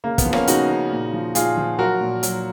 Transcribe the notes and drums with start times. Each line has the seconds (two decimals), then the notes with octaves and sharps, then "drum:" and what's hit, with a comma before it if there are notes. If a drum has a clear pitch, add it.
0.04 C#3 A#3
0.18 B3, drum: kick, hi-hat
0.25 F3
0.33 A#3 C#4, drum: rim click
0.47 C#3 D#4 F#4, drum: hi-hat
0.70 C#3
0.91 A#2
1.13 F3
1.35 A#2 F4 G#4, drum: hi-hat
1.57 F3
1.79 F#3 F#4 A#4
2.01 A#2
2.23 F#3, drum: hi-hat